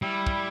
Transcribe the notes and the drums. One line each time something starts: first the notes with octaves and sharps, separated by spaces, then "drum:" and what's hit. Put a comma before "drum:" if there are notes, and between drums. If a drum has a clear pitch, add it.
G3 E4
drum: kick